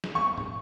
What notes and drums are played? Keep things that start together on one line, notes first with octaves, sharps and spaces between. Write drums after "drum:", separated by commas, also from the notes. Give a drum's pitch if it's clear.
drum: snare
C#6
drum: tom